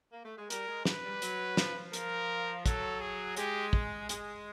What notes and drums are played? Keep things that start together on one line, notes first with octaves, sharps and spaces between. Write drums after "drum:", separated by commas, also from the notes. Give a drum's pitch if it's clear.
A#3
A3
G#3
G3 A#4, drum: hi-hat
G#3
B4, drum: snare
G3
F#3, drum: hi-hat
F3, drum: snare
F3
A#4, drum: hi-hat
F#3 A4, drum: kick, hi-hat
G#4
G#3 G4, drum: hi-hat
drum: kick
G#3, drum: hi-hat